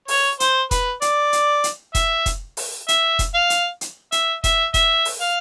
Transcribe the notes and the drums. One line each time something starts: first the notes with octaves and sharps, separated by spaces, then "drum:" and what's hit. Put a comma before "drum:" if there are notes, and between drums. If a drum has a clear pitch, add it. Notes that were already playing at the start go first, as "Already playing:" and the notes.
C#5, drum: open hi-hat
C5, drum: hi-hat
B4, drum: kick F1, hi-hat
D5, drum: hi-hat
drum: hi-hat
drum: hi-hat
E5, drum: kick F1, hi-hat
drum: kick F1, hi-hat
drum: open hi-hat
E5, drum: hi-hat
drum: kick F1, hi-hat
F5
drum: hi-hat
drum: hi-hat
E5, drum: hi-hat
E5, drum: kick F1, hi-hat
E5, drum: kick F1, hi-hat
drum: open hi-hat
F5